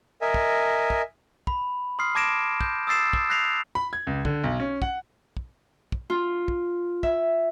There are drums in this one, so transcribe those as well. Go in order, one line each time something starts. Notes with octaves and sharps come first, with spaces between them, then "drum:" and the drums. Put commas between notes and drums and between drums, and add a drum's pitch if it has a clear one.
A#4 D#5 E5 G#5
drum: kick
drum: kick
B5, drum: kick
C6 D#6 F6 C7
A5 D6 G#6 A#6 D7 E7
G6, drum: kick
D#6 E6 A6 C7 E7
drum: kick
F#6 G6 A#6 C7 F7
B5
G#6
C#2
D3, drum: kick
B1
C#4
F#5, drum: kick
drum: kick
drum: kick
F4
drum: kick
E5, drum: kick